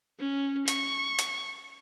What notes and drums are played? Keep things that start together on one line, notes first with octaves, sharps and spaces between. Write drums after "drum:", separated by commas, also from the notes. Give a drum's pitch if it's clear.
C#4
C#6, drum: hi-hat
drum: hi-hat